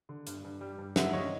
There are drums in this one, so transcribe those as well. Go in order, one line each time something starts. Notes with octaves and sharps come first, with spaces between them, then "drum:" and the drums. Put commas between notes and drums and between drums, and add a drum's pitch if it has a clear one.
D3
G2, drum: hi-hat
G2
G3
G2
G2 E5 F#5, drum: snare
D3 C#5 D#5